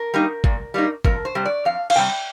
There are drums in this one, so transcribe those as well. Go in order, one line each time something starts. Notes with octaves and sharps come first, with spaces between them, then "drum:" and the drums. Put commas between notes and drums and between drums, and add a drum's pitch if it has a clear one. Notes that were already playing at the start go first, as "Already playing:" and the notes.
Already playing: A#4
G3 A#3 D#4
A#2, drum: kick
G3 A#3 D#4
F2 A#4, drum: kick
C5
C3 G3
D5
F2 F5
F5, drum: cymbal
C3 G3 G5